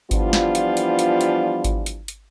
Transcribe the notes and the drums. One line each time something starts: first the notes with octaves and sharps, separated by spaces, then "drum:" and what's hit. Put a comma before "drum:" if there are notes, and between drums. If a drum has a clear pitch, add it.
E3 F3 G3 B3 D4 F4, drum: kick G#1, hi-hat
drum: snare
drum: hi-hat
drum: hi-hat
drum: hi-hat
drum: hi-hat
drum: kick G#1, hi-hat
drum: hi-hat
drum: hi-hat